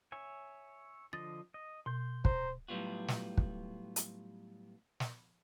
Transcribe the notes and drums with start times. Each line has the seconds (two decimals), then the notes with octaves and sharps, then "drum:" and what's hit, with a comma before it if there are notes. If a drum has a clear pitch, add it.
0.12 C#5 E5 G#5
1.13 D3 F3 D#5 A6
1.54 D#5
1.86 B2 C6 G6
2.25 C5 A#5, drum: kick
2.68 A2 F#3 G3 B3 F4 F#4
3.08 drum: snare
3.37 drum: kick
3.96 drum: hi-hat
5.00 drum: snare